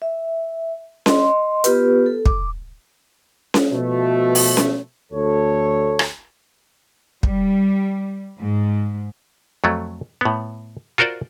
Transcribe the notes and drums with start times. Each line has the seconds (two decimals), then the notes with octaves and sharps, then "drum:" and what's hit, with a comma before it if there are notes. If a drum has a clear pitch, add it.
0.02 E5
1.06 D#5 C6, drum: snare C#4
1.64 B3 F4 G4 B4, drum: hi-hat
2.06 A4
2.26 D6, drum: kick
3.54 drum: snare C#4
3.72 B2 F3 A3
4.35 drum: open hi-hat
4.57 drum: snare C#4
5.12 D2 A4 C#5
5.99 drum: rim click
7.23 G3, drum: kick
8.40 G#2
9.64 F2 F#3 A3
10.21 A2 B3
10.98 F4 F#4 A#4 C5 D5